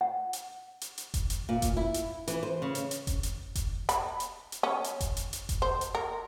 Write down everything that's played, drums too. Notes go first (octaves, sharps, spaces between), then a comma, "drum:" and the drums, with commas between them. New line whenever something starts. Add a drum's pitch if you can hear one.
F#5
drum: hi-hat
drum: hi-hat
drum: hi-hat
drum: kick F1, hi-hat
drum: hi-hat
A#2
drum: kick F1, hi-hat
E4
drum: hi-hat
E3, drum: hi-hat
C5
C#3
drum: hi-hat
drum: hi-hat
drum: kick F1, hi-hat
drum: hi-hat
drum: kick F1, hi-hat
B5, drum: hi-hat
drum: hi-hat
drum: hi-hat
C#4
drum: hi-hat
drum: kick F1, hi-hat
drum: hi-hat
drum: hi-hat
drum: kick F1, hi-hat
C5
drum: hi-hat
A#4